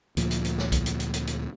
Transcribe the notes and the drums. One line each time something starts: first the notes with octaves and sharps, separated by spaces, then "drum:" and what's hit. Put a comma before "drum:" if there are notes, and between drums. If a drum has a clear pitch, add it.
D2 A#2 F3, drum: hi-hat
drum: hi-hat
drum: hi-hat
drum: snare
drum: kick B1, hi-hat
drum: hi-hat
drum: hi-hat
drum: hi-hat
drum: hi-hat